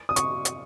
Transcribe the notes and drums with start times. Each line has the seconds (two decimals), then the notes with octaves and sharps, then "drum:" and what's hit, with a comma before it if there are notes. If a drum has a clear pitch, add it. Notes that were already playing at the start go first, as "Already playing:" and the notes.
0.09 D#6
0.16 C#6, drum: hi-hat
0.45 drum: hi-hat